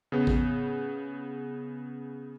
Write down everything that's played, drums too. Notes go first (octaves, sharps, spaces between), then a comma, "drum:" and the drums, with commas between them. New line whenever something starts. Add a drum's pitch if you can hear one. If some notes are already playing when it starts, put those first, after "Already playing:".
C#3 B3
drum: kick A1